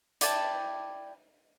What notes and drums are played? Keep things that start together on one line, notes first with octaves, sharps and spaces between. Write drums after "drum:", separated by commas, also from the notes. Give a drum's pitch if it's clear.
E4 D5 G5 A5, drum: hi-hat